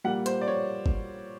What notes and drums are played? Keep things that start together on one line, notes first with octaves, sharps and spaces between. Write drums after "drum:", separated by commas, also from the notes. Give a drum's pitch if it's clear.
A#2 G3 A#3 F#5
C5, drum: hi-hat
D5
C#5
drum: kick